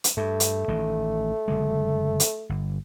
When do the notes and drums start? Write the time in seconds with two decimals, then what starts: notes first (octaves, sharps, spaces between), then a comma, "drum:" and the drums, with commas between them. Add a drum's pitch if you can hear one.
0.04 drum: hi-hat
0.17 G2 A3
0.40 drum: hi-hat
0.68 A1 D#3
1.48 F#1 D3 G#3
2.20 drum: hi-hat
2.49 G1